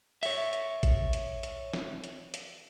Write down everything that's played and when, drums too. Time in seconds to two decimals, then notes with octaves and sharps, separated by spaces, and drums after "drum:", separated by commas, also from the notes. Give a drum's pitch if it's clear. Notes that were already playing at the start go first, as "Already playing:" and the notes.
0.23 C#5 E5, drum: open hi-hat
0.53 drum: hi-hat
0.83 drum: kick A1, hi-hat
1.13 drum: hi-hat
1.43 drum: hi-hat
1.73 drum: snare
2.04 drum: hi-hat
2.34 drum: hi-hat